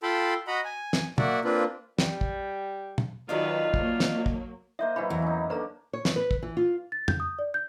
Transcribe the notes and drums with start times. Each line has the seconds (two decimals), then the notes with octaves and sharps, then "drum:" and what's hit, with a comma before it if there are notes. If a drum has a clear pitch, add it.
0.03 F4 A4 G5 A5 B5 C6
0.47 F#4 D#5 F#5 A#5 B5
0.65 G#5
0.93 drum: snare
1.18 A#3 F#4 D5 E5 F#5, drum: tom
1.44 A#3 C4 D4 F4 B4
1.99 G3, drum: snare
2.21 drum: kick
2.98 drum: tom
3.29 D#3 F#3 D4 D#4 F4 B4 D5
3.74 F#3 A#3, drum: kick
4.00 drum: snare
4.26 drum: kick
4.79 A#3 C5 D#5 E5
4.96 E3 F#3 E4 B4 B5
5.10 E2
5.22 C#4 D#4
5.50 D3 A#3 D4 B4 A#5
5.93 C#5
6.05 drum: snare
6.16 B4
6.31 drum: kick
6.43 E3
6.57 F4
6.92 A6
7.08 G6, drum: tom
7.20 D#6
7.39 D5
7.54 G6